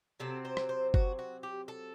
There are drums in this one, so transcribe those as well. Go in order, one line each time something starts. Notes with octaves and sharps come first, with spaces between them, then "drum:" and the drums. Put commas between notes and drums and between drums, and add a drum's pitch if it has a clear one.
C3 F#3 C4 A4
C5
drum: rim click
C5
F#4, drum: kick G1
F#4
G4
A4